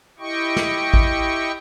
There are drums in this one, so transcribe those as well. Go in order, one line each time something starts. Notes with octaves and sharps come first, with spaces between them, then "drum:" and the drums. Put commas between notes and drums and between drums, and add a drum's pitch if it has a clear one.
E4 G4 D#5 G5 C#6
drum: snare
drum: kick G#1